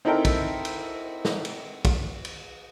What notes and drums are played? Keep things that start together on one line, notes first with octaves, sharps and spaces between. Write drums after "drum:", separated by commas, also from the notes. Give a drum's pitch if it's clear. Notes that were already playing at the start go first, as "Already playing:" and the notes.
C4 D#4 E4 A4 A#4 G5
drum: kick, cymbal
drum: cymbal
drum: snare
drum: cymbal
drum: kick, cymbal
drum: cymbal